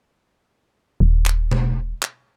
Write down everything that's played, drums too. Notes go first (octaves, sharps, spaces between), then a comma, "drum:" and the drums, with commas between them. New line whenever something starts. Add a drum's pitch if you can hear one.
D#1
drum: clap
drum: tom B2
drum: clap